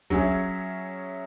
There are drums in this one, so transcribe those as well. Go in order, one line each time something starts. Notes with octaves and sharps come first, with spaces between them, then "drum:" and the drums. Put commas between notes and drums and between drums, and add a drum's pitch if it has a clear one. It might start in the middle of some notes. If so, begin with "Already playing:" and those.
F#3 C#4 G#4 C#5 E5, drum: kick
drum: hi-hat